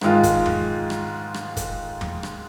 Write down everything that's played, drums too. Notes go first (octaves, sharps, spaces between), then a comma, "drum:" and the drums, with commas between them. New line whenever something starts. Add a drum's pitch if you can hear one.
G#2 D#3 G#3 F4, drum: rim click
drum: kick, hi-hat
drum: tom
drum: rim click
drum: rim click
drum: kick, hi-hat
drum: tom
drum: rim click